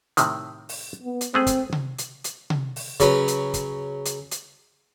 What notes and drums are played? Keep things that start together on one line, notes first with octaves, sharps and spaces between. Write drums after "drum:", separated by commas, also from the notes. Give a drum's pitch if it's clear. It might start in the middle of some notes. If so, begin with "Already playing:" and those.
A2 C3 D#3, drum: hi-hat
drum: open hi-hat
B3
drum: hi-hat
G#3 A3 C4 G#4
drum: kick, hi-hat
drum: tom C3
drum: hi-hat
drum: hi-hat
drum: tom C3
drum: open hi-hat
C#3 F#3 B4, drum: kick, hi-hat
drum: hi-hat
drum: kick, hi-hat
drum: hi-hat
drum: hi-hat